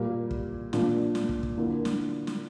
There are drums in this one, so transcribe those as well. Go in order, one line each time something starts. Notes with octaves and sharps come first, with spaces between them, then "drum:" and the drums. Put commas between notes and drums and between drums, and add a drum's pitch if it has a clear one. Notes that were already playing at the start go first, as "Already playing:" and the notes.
Already playing: A#2 G3 A#3
drum: kick
A#2 A#3 D4, drum: snare
drum: snare
drum: kick
drum: kick
D3 A#3 E4 A#4
drum: snare
drum: snare